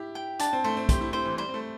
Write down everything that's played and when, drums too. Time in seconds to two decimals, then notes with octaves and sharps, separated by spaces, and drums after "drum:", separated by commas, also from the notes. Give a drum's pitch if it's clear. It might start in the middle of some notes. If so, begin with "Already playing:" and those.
Already playing: E4 G4
0.15 G5
0.39 D4 A5, drum: hi-hat
0.53 C4
0.64 A3 C5
0.77 C4
0.89 G4 C5, drum: kick, hi-hat
1.01 E4
1.13 C4 C5
1.25 E3
1.38 G3 C5
1.49 C4
1.54 A3